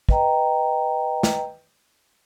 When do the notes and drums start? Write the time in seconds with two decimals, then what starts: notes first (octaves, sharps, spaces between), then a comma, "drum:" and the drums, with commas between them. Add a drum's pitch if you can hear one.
0.09 B4 D#5 G5 A#5, drum: kick
1.23 drum: snare